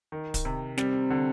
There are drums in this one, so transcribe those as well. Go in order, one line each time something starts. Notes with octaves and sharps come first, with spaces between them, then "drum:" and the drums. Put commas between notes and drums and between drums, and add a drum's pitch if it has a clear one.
D#3
drum: kick D1, hi-hat
C3
G3 C4, drum: snare
D3